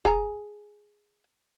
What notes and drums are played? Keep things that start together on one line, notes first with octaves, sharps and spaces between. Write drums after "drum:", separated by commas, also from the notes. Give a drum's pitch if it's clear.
G#4 G#5 A#5, drum: kick